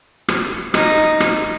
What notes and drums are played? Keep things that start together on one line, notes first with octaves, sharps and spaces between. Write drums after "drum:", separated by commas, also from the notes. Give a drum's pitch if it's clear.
drum: rim click
D#4, drum: rim click
drum: rim click